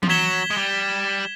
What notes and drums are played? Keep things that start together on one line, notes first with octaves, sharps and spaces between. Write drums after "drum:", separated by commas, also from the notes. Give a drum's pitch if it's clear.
F3, drum: tom E3
F#3 G#6 B6 E7 G7
G#3
G3